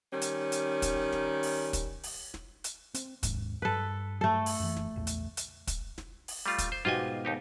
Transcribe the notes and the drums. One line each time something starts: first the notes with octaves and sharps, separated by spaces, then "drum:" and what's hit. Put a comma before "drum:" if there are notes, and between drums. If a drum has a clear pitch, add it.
D#3 G3 C#4
drum: hi-hat
drum: hi-hat
drum: kick, hi-hat
drum: snare
drum: open hi-hat
drum: kick, hi-hat
drum: open hi-hat
drum: snare
drum: hi-hat
C4, drum: hi-hat
D#2 G#2, drum: kick, hi-hat
G2 A4 B4
A3 A4
drum: open hi-hat
F#2 E3
drum: snare
A#1 E2
drum: hi-hat
drum: hi-hat
drum: kick, hi-hat
drum: snare
drum: open hi-hat
G3 A3 F4
drum: kick, hi-hat
C5
G#2 B2 F4 G4 D#5 G#5
D#2 D#4 G4